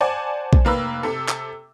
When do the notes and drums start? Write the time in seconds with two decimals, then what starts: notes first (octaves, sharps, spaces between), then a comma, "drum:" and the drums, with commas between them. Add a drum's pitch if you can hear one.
0.01 C5 D5 F#5 G#5 A5 D6
0.53 drum: kick
0.65 F1 A#3 B4 E6
1.03 C3 A4
1.29 drum: clap